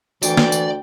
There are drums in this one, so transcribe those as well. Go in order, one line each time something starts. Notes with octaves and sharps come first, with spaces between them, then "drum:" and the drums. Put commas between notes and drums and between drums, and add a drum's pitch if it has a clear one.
D2 E3 D5 G5, drum: tambourine
drum: snare
drum: tambourine